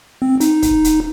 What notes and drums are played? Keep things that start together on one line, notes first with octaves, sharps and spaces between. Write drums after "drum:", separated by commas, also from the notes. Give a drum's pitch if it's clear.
C4
D#4, drum: hi-hat
drum: kick, hi-hat
drum: hi-hat